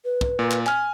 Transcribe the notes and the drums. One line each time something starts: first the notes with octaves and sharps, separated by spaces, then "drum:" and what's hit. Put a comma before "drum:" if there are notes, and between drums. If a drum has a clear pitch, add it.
B4
drum: kick
A#2
drum: clap
G#5 F6, drum: clap